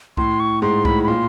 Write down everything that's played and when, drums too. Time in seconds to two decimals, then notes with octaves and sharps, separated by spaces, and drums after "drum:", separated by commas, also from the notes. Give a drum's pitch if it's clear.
0.17 A2 C6, drum: kick C2
0.40 C#6
0.62 G#2 C6
0.85 A2 B5, drum: kick C2
1.04 B5
1.07 A#2 C6